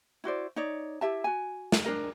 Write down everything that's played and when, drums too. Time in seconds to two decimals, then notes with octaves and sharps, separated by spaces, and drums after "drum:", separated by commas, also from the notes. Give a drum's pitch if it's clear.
0.24 E4 F#4 C5 D5
0.56 D#4 C#5 D5
1.01 E4 G4 E5 A5
1.24 F#4 G#5
1.72 drum: snare
1.84 D4 G#4 A#4 D#5